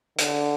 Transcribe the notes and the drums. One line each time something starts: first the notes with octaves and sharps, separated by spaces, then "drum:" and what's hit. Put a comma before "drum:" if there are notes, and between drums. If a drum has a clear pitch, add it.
D3, drum: hi-hat